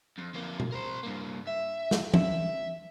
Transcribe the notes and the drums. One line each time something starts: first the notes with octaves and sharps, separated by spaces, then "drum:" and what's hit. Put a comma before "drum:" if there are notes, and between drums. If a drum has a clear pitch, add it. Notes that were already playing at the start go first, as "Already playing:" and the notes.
F2
F2 A#3
drum: tom B2
A#4 C5
G2 A#3
E5
drum: snare
E5, drum: tom